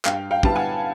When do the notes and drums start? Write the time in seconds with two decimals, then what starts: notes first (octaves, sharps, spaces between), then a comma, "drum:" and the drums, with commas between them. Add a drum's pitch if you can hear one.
0.05 G2 F5 G5, drum: clap
0.31 F5 G5
0.43 D3 G3 B3 E4 A5, drum: kick
0.55 F#5 G#5